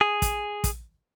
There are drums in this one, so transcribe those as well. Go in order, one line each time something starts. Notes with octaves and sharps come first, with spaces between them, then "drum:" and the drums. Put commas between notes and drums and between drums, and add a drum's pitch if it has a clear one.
G#4
drum: kick, hi-hat
drum: kick, hi-hat